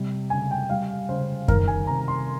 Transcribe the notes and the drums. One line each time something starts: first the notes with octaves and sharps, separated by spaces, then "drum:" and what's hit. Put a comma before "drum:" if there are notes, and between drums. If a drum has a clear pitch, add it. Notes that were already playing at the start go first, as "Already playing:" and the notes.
Already playing: C3 G3
C#3 G#5
G5
G3 F5
C#3 C5
D#3 A#4, drum: kick F#2
G#5
C3 A#5
C6